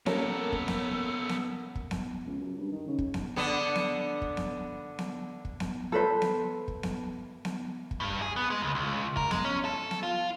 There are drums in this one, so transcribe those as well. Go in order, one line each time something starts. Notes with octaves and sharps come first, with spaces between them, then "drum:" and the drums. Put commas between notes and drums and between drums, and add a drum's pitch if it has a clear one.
A#3 B3 C#4 A4 A#4, drum: snare B3
drum: kick
drum: snare B3
drum: snare B3
drum: kick
drum: snare B3
C#2
F#2
G2
D#3
C#3
drum: kick
drum: snare B3
D3 B3 D4
drum: snare B3
drum: kick
drum: snare B3
drum: snare B3
drum: kick
drum: snare B3
A4 B4 C5
drum: snare B3
drum: kick
drum: snare B3
drum: snare B3
drum: kick
G2
G#4
B3
G#3
C#2
C#2
A#4, drum: kick
G#3, drum: snare B3
C#4
A4
drum: snare B3
F4